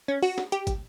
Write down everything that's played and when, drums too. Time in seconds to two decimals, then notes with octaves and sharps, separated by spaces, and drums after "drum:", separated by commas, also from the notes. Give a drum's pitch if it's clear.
0.08 C#4
0.22 F#4, drum: open hi-hat
0.38 drum: snare
0.52 G4, drum: hi-hat
0.67 drum: kick, hi-hat